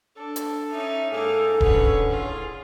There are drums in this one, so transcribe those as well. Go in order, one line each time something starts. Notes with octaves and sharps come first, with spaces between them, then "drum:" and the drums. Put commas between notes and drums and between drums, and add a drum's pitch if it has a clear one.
D4 A4
drum: hi-hat
C#4 D#4 E5
G#2 A#3 D#4 G#4 A4
A2 D3 C#4 B4 C#5, drum: kick D#1
F4